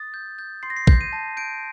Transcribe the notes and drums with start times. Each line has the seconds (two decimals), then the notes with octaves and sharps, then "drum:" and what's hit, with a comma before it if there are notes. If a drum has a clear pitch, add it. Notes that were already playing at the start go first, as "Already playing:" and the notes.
Already playing: D#6 A6
0.14 G6
0.39 G6
0.63 C6 C7
0.70 A#6
0.76 C7
0.87 G6, drum: kick
1.01 D#7
1.13 A5
1.37 G6 D7